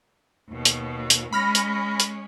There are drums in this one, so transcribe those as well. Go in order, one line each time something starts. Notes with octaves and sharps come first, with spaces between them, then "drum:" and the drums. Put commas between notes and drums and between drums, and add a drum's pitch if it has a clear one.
D#2 B2
drum: hi-hat
drum: hi-hat
G#3 C#4 B5 F6 A#6
drum: hi-hat
drum: hi-hat